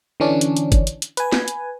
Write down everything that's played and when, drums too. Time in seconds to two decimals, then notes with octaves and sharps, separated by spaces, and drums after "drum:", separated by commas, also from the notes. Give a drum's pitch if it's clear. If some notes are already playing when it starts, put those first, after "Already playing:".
0.20 D3 E3 C#4 D4
0.41 drum: hi-hat
0.57 drum: hi-hat
0.72 drum: kick, hi-hat
0.87 drum: hi-hat
1.02 drum: hi-hat
1.17 B4 G#5, drum: hi-hat
1.32 drum: snare
1.48 drum: hi-hat